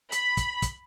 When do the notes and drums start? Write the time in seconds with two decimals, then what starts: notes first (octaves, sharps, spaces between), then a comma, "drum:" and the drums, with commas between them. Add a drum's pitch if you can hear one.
0.12 B5, drum: hi-hat
0.37 drum: kick, hi-hat
0.62 drum: kick, hi-hat